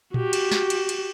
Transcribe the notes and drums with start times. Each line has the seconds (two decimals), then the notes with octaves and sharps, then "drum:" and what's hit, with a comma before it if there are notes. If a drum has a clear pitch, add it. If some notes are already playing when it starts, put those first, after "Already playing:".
0.14 F#4 G4, drum: tom A#2
0.33 drum: cymbal
0.52 drum: snare
0.70 drum: cymbal
0.89 drum: cymbal